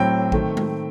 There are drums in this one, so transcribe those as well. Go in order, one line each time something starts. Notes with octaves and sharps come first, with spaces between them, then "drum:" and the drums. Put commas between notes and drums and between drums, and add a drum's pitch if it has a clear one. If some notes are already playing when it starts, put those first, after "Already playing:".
Already playing: A2 F#3 C4 G5
D#3 A3 C4, drum: kick A1
drum: tom G#3